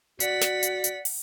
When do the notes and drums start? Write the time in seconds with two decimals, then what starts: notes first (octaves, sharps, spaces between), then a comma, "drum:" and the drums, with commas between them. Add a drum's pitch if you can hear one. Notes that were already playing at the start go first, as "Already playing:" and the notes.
0.20 F#4 D5 F#5 B6, drum: hi-hat
0.41 drum: snare
0.63 drum: hi-hat
0.84 drum: hi-hat
1.05 drum: open hi-hat